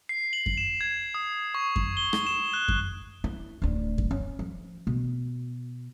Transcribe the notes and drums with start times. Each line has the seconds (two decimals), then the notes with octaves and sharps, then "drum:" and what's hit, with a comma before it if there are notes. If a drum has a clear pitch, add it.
0.09 C7
0.33 F#7
0.46 drum: kick F#2
0.57 E7
0.81 G#6
1.14 D#6
1.54 C#6
1.76 drum: kick F#2
1.97 G7
2.13 drum: rim click
2.27 E7
2.54 F#6
2.68 drum: kick F#2
3.24 E4
3.62 D1 D4
3.98 drum: kick F#2
4.11 C#4
4.39 F3
4.87 B2